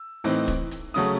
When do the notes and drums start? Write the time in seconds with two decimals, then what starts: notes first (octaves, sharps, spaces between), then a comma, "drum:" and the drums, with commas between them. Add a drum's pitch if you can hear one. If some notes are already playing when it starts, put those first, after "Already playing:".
Already playing: E6
0.24 A2 E3 C4 D#4, drum: open hi-hat
0.48 drum: kick, hi-hat
0.71 drum: hi-hat
0.94 C#3 F#3 A3 C#4 D#6, drum: open hi-hat